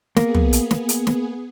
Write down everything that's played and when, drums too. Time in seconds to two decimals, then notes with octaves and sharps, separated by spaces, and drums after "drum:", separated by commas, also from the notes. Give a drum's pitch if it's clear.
0.17 A#3 B3 G#4, drum: snare
0.35 drum: tom
0.53 drum: hi-hat
0.71 drum: snare
0.89 drum: hi-hat
1.07 drum: snare